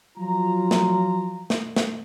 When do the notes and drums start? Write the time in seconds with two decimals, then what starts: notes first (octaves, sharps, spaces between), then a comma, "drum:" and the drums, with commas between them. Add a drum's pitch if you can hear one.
0.18 F3 F#3 F4 A#5
0.71 drum: snare
1.50 drum: snare
1.76 drum: snare